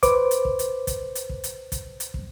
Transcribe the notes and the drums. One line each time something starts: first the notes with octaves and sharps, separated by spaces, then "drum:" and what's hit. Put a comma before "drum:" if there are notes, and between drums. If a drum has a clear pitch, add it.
B4 C5 D6, drum: kick, hi-hat
drum: hi-hat
drum: kick
drum: hi-hat
drum: kick, hi-hat
drum: hi-hat
drum: kick
drum: hi-hat
drum: kick, hi-hat
drum: hi-hat
drum: kick